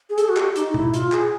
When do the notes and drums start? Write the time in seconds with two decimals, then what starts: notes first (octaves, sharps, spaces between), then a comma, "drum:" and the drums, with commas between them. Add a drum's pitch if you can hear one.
0.10 G#4
0.18 A4, drum: hi-hat
0.28 F#4
0.37 G4, drum: clap
0.56 D#4, drum: hi-hat
0.74 E4, drum: tom B2
0.94 F4, drum: hi-hat
1.12 G#4, drum: clap